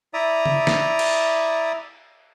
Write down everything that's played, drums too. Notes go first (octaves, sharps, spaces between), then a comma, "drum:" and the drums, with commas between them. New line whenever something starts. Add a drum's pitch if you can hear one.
E4 D5 E5 A#5 D#6
drum: tom C#3
drum: snare
drum: cymbal